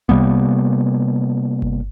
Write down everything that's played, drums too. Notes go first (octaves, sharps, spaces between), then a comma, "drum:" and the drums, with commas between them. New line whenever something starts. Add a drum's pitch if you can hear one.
C3 G3 A#3 B3, drum: tom C2
drum: kick G1